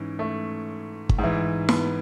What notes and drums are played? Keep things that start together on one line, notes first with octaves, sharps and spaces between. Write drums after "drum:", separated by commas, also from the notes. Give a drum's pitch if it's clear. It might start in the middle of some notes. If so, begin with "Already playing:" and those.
Already playing: G#2 E3 C#4
A3
drum: kick
G#2
E3
B3, drum: snare